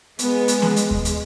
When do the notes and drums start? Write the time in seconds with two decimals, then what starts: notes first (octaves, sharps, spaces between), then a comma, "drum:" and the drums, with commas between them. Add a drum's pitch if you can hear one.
0.19 G#3 B3, drum: hi-hat
0.48 drum: hi-hat
0.62 drum: snare B3
0.76 drum: hi-hat
0.91 drum: kick D#2
1.05 drum: hi-hat